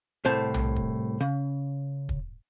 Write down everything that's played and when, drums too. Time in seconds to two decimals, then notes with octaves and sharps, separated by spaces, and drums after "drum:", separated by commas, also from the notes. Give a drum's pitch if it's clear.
0.25 C2 A2 C5 A5
0.54 drum: tom B1
0.76 drum: kick
1.20 C#3
2.09 drum: kick